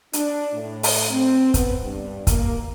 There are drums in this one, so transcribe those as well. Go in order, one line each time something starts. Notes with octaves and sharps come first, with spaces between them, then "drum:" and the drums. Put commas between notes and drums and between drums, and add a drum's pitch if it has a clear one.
D4, drum: hi-hat
A2
drum: open hi-hat
C4
B3, drum: kick, hi-hat
G2
A#3, drum: kick, hi-hat